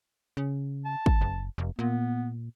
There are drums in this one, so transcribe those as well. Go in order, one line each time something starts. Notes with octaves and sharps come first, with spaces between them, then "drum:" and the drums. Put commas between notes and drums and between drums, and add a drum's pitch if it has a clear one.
C#3
A5
drum: kick
F#1
F1
A#2 B3